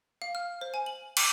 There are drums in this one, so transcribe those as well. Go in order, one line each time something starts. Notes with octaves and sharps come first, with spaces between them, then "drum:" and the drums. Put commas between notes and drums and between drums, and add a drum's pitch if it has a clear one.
F5
F6
C5
G#5
F#7
D6, drum: cymbal